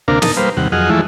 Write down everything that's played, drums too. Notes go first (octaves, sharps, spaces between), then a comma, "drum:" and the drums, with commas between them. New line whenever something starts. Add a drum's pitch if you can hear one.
D2 C3 A#3 D4 A#4 F5
D#4 A#4 A5 D#6, drum: snare
G3 A#3 B4 C5 F5
D#2 C3 G3 F#5
F2 F#3 G#4 D#5 F#5 F6
E3 F3 G#3 A3 E4